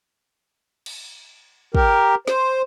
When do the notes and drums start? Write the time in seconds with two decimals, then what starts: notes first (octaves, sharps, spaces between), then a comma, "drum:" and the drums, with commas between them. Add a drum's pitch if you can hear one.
0.86 drum: cymbal
1.75 G4 A#4, drum: kick
2.28 C5, drum: snare